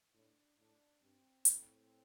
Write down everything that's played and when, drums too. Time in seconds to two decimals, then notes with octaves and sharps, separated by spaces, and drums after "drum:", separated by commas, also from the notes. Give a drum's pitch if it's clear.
0.14 A2 D4
0.58 A2 D4
1.01 G2 C4
1.45 A2, drum: hi-hat